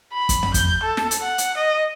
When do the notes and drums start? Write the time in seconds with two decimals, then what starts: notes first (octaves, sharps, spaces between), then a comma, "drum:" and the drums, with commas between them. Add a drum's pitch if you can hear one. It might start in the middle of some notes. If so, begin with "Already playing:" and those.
0.13 B5
0.29 drum: kick, hi-hat
0.43 drum: tom
0.54 G6, drum: kick, hi-hat
0.84 A4
0.97 drum: snare
1.11 drum: hi-hat
1.22 F#5
1.38 drum: hi-hat
1.57 D#5